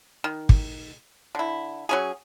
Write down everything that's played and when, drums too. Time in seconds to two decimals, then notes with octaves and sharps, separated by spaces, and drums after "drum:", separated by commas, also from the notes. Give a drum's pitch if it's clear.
0.24 D#3
0.49 drum: kick
1.35 D3 E4
1.89 F#3 C#4 G#4